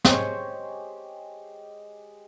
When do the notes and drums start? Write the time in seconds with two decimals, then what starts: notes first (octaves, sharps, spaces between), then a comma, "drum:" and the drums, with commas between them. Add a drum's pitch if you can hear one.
0.05 G#3 G4 G#4 C5 C#5, drum: snare